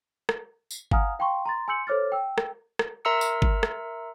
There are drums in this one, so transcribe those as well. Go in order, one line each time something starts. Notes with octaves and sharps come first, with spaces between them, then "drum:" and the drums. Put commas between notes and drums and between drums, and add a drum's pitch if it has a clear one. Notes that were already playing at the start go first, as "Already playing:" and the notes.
drum: rim click
drum: tambourine
F5 F#5 G#5 A#5 D#6 F6, drum: kick G1
F5 G5 A5 C6 C#6
A#5 C6 A6
G#5 C6 E6 G6 C#7 F#7
A4 C5 C#5 D6 F6 A6
G5 E6
drum: rim click
drum: rim click
A#4 E5 A#5 C6 E6 C#7
drum: tambourine
drum: kick G1
drum: rim click